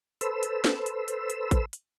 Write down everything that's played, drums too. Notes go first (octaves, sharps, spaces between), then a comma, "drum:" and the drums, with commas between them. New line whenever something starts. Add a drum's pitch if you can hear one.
A4 B4 C5 E6, drum: hi-hat
drum: hi-hat
drum: snare
drum: hi-hat
drum: hi-hat
drum: hi-hat
drum: kick A1, hi-hat
drum: hi-hat